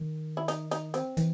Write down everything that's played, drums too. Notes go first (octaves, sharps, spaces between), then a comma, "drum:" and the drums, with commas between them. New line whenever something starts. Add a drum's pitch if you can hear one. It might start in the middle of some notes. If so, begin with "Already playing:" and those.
Already playing: D#3
E4
D#4, drum: hi-hat
D#4, drum: hi-hat
C4, drum: hi-hat
E3, drum: hi-hat